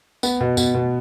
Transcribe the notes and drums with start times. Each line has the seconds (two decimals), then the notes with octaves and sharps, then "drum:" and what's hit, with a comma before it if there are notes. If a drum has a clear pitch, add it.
0.23 B3, drum: tambourine
0.41 B2
0.57 B2, drum: tambourine
0.74 B2